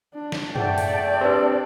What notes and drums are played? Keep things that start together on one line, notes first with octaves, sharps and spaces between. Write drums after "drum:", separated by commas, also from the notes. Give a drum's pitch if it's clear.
D4
drum: snare
A3 G#4 C5 D5 F#5 G5 A5, drum: tom
drum: open hi-hat
C4 D4 G4 B4